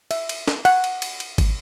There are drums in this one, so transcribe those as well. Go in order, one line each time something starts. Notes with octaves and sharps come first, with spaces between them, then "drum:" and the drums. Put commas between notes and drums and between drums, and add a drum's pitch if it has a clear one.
E5, drum: cymbal
drum: cymbal
drum: snare
F#5, drum: cymbal
drum: cymbal
drum: cymbal
drum: cymbal
drum: kick, cymbal